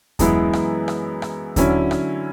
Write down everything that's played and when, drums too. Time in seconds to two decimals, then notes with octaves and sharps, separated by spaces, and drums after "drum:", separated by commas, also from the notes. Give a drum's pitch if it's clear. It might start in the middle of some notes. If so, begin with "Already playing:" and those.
0.19 F#2 E3 G#3 B3 E4, drum: kick D#2, hi-hat
0.53 drum: rim click
0.88 drum: rim click
1.22 drum: rim click
1.56 D3 F#3 C#4 E4, drum: kick D#2, hi-hat
1.91 drum: rim click